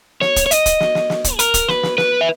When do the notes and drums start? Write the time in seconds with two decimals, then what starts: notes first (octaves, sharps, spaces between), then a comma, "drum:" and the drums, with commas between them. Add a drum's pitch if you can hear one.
0.21 C#5, drum: snare
0.36 drum: kick, hi-hat
0.46 C#5
0.51 D#5, drum: hi-hat
0.66 drum: kick, hi-hat
0.80 drum: snare
0.95 drum: snare
1.10 drum: snare
1.24 drum: kick, hi-hat
1.34 G#4
1.39 A#4, drum: hi-hat
1.54 drum: kick, hi-hat
1.68 B4, drum: snare
1.83 drum: snare
1.98 B4, drum: snare
2.21 E5